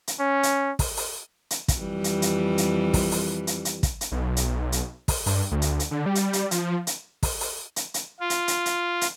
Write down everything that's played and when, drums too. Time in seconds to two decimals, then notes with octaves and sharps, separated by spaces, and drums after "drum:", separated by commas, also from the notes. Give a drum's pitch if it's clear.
0.07 drum: hi-hat
0.20 C#4
0.43 drum: hi-hat
0.79 drum: kick, open hi-hat
0.97 drum: open hi-hat
1.50 drum: hi-hat
1.68 drum: kick, hi-hat
1.79 F2 E3 G3
2.04 drum: hi-hat
2.22 drum: hi-hat
2.58 drum: hi-hat
2.94 drum: kick, open hi-hat
3.11 drum: open hi-hat
3.47 drum: hi-hat
3.65 drum: hi-hat
3.83 drum: kick, hi-hat
4.01 drum: hi-hat
4.12 B1
4.37 drum: hi-hat
4.72 drum: hi-hat
5.08 drum: kick, open hi-hat
5.26 G2, drum: open hi-hat
5.51 D2
5.62 drum: hi-hat
5.80 drum: hi-hat
5.91 D3
6.06 G3
6.15 drum: hi-hat
6.33 drum: hi-hat
6.51 F3, drum: hi-hat
6.87 drum: hi-hat
7.23 drum: kick, open hi-hat
7.40 drum: open hi-hat
7.76 drum: hi-hat
7.94 drum: hi-hat
8.20 F4
8.30 drum: hi-hat
8.48 drum: hi-hat
8.66 drum: hi-hat
9.01 drum: hi-hat